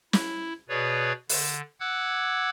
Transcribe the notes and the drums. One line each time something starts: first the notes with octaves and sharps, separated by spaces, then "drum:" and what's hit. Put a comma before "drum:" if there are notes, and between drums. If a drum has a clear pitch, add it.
E4, drum: snare
B2 G#4 B4 C#5 D5
D3, drum: open hi-hat
F#5 D6 E6 F#6 G#6